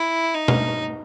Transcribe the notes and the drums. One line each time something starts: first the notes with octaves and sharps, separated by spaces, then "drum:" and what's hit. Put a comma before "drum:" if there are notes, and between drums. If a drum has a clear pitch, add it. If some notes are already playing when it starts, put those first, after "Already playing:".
Already playing: E4
D#4
drum: tom B2